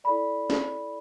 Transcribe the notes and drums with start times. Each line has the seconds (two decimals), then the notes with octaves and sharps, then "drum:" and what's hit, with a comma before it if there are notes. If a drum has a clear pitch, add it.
0.04 E4 A4 D5 B5
0.50 drum: snare